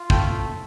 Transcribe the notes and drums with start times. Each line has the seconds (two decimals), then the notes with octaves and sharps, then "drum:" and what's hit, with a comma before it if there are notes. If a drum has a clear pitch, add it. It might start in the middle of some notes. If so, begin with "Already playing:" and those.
Already playing: F4
0.10 A3 G5, drum: kick
0.17 A5